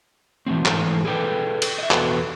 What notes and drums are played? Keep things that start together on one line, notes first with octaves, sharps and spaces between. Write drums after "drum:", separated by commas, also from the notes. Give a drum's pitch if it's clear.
E3 F#3 A3 C4
G#2 E3 A3 A#4 C5 A#5, drum: clap
G#4 A4 B4 D5 G5
drum: cymbal
D#5 E5
E2 B3 F#4 A4 B4 A#5, drum: clap